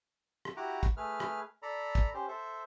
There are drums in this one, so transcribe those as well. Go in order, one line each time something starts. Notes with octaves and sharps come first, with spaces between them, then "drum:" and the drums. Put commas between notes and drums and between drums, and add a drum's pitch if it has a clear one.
drum: rim click
E4 F#4 G4 F#5 A#5 D6
drum: kick, hi-hat
A3 G#4 B4 F6
drum: rim click
A4 D5 A#5 B5
drum: kick, hi-hat
C#4 G4 C5
A4 C5 E5